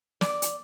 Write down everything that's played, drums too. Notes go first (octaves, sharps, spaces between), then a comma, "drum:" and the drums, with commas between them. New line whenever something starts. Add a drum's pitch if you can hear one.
D5, drum: snare
drum: hi-hat